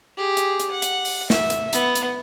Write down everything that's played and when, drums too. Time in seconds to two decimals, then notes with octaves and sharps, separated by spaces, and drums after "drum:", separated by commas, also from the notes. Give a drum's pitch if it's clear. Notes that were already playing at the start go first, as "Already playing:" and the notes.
0.17 G4 G#4
0.37 drum: hi-hat
0.60 drum: hi-hat
0.71 F#5
0.82 drum: hi-hat
1.05 drum: open hi-hat
1.30 E5, drum: snare
1.50 drum: hi-hat
1.73 B3, drum: hi-hat
1.95 drum: hi-hat